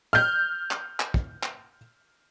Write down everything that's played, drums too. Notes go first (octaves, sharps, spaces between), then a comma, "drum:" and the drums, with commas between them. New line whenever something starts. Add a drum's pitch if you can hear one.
F6 G6
drum: clap
drum: clap
drum: kick
drum: clap